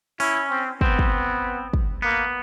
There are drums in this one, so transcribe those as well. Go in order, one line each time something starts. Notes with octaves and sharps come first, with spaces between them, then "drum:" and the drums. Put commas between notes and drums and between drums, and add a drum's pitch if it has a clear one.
C#4 E4, drum: open hi-hat
C4
B3 C4, drum: kick
drum: kick
drum: kick
A#3 B3